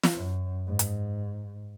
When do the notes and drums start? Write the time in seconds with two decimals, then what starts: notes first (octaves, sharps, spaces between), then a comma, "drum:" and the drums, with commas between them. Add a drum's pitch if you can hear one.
0.04 drum: snare
0.14 F#2
0.67 G#2
0.79 drum: hi-hat